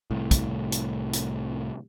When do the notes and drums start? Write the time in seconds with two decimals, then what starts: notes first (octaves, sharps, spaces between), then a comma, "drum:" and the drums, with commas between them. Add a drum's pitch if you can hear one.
0.11 C2 A2
0.31 drum: kick, hi-hat
0.72 drum: hi-hat
1.13 drum: hi-hat